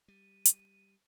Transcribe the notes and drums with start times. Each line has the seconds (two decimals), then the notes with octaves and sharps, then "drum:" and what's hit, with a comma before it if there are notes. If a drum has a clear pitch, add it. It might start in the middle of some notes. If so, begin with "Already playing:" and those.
0.08 G3 D#7
0.45 drum: hi-hat